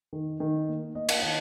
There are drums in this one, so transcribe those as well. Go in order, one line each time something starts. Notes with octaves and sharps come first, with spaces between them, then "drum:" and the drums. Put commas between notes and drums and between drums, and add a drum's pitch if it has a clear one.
D#3
D#3
A#3
A#3 D#5
F5, drum: cymbal
D#3 D#5